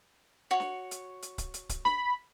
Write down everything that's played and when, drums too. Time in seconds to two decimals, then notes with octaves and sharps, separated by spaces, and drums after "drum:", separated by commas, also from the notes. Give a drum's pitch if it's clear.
0.51 F#4 C#5
0.60 drum: snare
0.91 drum: hi-hat
1.22 drum: hi-hat
1.38 drum: kick C#1, hi-hat
1.54 drum: hi-hat
1.69 drum: kick C#1, hi-hat
1.85 B5, drum: snare